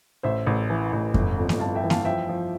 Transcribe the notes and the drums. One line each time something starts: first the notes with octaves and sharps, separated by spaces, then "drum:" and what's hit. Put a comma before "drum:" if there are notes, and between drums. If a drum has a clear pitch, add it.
A1 C5 E5
A1
E3
A1
G1, drum: kick F2
F2
drum: snare A#3
G1 F5 A5
E5 G5
E3
F5 A5, drum: snare A#3
F3 E5 G5
F3